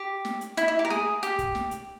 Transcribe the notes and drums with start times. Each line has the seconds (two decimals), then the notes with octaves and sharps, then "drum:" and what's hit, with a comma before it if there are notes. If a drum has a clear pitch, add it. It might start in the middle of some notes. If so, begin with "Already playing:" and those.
Already playing: G4
0.25 drum: snare
0.41 drum: hi-hat
0.57 E4, drum: hi-hat
0.68 E4
0.79 G4
0.85 A#4
0.90 G#4, drum: snare
1.23 G4, drum: hi-hat
1.39 drum: kick, hi-hat
1.55 drum: snare
1.71 drum: hi-hat